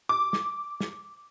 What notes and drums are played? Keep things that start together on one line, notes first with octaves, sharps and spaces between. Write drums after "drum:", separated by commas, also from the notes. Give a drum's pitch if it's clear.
D6
drum: snare
drum: snare